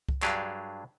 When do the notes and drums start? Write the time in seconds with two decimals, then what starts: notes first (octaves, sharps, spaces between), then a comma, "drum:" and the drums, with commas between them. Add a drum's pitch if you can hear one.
0.09 drum: kick C2
0.23 G2 F#3 D4 G4 G#4 F5, drum: clap